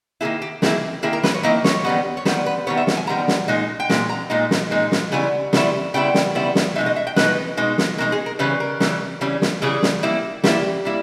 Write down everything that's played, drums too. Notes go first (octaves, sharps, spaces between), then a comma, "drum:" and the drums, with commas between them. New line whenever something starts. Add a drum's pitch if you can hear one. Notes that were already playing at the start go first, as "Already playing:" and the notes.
D#3 A#3 E4 G#4
G4
D#3 A#3 E4 G#4, drum: snare
D#3 A#3 E4 G#4
A#4
B4, drum: snare
C#5
D#3 A#3 E4 D#5
C#5, drum: snare
D#3 G3 B3
C#5
D#3 G3 B3 B4, drum: snare
B4
D#3 G3 B3 C#5
E5
drum: snare
G#5
D#3 G3 B3 A#5
drum: snare
A#2 G#3 D#4
G5
A#2 G#3, drum: snare
A#5
A#2 G#3 D#4
drum: snare
A#2 G#3 D#4
drum: snare
C#3 G3 B3 E4 G#5
C#3 G3 B3 E4, drum: snare
C#3 G3 B3 E4 G5
drum: snare
C#3 G3 B3 E4
drum: snare
B2 G#3 D#4 E5
D#5
E5
G5
B2 G#3 D#4 B4, drum: snare
B2 G#3 D#4
drum: snare
B2 G#3 D#4 A#4
G#4
A#4
C#3 E3 G3 C#4 B4
A#4
C#3 E3 G3 C#4, drum: snare
C#3 E3 G3 C#4
drum: snare
C#3 E3 G3 C#4 G#4
drum: snare
G3 A#3 E4
G3 A#3 E4 G4, drum: snare
G3 A#3 E4